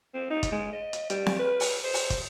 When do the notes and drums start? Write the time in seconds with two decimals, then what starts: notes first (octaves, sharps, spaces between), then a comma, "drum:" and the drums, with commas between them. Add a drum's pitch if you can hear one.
0.14 C4
0.30 D#4
0.43 drum: kick, hi-hat
0.52 G#3
0.72 D#5
0.93 drum: hi-hat
1.10 G3, drum: hi-hat
1.26 drum: snare C4
1.39 B4
1.60 drum: open hi-hat
1.83 C5
1.94 drum: open hi-hat
2.10 drum: kick, hi-hat